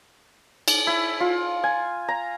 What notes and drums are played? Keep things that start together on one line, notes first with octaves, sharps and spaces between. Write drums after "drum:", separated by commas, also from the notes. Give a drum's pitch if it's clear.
drum: cymbal
E4
F4
G#5
A#5